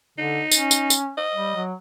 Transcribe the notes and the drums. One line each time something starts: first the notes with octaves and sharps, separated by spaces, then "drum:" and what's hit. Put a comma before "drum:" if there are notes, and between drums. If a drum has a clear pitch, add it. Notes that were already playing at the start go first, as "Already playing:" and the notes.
D3 D#4
C#4, drum: tambourine
drum: tambourine
drum: tambourine
D#5
G3
F#3